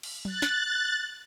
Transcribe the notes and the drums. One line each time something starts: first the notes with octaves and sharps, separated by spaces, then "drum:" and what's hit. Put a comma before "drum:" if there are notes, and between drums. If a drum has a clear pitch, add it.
drum: cymbal
F#6 A6, drum: tom F#3
drum: snare